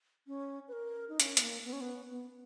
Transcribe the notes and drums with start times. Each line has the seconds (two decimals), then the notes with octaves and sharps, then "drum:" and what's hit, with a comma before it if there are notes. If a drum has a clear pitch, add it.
0.27 C#4
0.68 B4
0.73 A#4
1.09 D#4
1.20 C#4, drum: hi-hat
1.37 B3, drum: hi-hat
1.42 A#3
1.65 B3
1.73 C#4
1.81 B3
2.10 B3